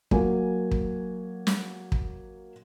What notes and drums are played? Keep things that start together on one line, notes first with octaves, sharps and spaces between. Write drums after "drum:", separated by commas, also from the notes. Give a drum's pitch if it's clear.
F#3 A#3 G#5, drum: kick
drum: kick
drum: snare
drum: kick